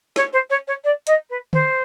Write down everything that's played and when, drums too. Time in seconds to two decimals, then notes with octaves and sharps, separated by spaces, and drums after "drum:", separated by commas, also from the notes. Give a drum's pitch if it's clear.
0.16 C#5, drum: snare
0.32 C5
0.50 C#5
0.67 C#5
0.84 D5
1.07 D#5, drum: hi-hat
1.29 B4
1.53 C5, drum: tom D3